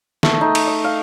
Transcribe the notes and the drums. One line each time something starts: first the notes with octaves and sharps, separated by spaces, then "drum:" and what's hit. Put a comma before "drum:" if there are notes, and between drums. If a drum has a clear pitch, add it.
A3, drum: snare
D#4
drum: cymbal
D#5
F5